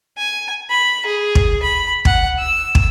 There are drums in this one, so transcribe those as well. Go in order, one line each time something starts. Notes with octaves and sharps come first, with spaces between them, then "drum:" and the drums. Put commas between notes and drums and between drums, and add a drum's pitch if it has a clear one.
G#5
B5
G#4
drum: kick
B5
F#5, drum: kick
E6
drum: kick